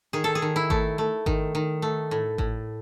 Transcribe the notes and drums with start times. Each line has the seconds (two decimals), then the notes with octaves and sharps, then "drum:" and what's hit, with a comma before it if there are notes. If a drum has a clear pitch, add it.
0.13 D#3 G#4
0.24 A4
0.35 G#4
0.42 D#3
0.56 E4
0.70 A3, drum: kick G#1
0.98 A3
1.26 D#3, drum: kick G#1
1.55 D#3
1.82 A3
2.11 A2
2.38 A2, drum: kick G#1